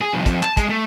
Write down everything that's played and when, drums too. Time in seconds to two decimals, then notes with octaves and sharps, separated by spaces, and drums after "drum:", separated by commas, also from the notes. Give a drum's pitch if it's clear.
0.01 G#4
0.13 C2 F2
0.26 F2, drum: kick, hi-hat
0.43 A5, drum: clap
0.57 G#3, drum: kick, hi-hat
0.69 A3